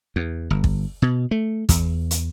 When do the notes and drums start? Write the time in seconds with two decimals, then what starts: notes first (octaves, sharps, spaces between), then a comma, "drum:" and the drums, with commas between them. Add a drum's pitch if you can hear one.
0.16 E2
0.50 G1
0.64 drum: kick
1.02 B2
1.31 A3
1.69 E2, drum: kick, hi-hat
2.11 drum: hi-hat